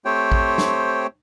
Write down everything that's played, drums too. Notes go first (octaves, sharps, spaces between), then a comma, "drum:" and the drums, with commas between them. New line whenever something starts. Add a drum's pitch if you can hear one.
A3 C4 G4 C5 C#5 G5
drum: kick A1
drum: snare